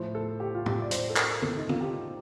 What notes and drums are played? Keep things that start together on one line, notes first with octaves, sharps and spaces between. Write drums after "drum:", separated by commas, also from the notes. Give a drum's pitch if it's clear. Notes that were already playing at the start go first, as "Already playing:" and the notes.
Already playing: A2 F3 C5
A4
G4
F4
G4, drum: tom
D5
C5, drum: hi-hat
A4
A#4, drum: clap
A4, drum: tom
D#4
F4, drum: tom
G4